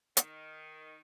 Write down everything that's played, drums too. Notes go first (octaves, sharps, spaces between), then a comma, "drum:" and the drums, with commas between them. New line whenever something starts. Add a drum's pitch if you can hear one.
D#3, drum: hi-hat